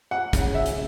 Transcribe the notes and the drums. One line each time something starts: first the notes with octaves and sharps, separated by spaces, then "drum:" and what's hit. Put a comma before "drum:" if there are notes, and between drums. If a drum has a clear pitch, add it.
F#5
C#3 F#5, drum: kick, hi-hat
E5
drum: hi-hat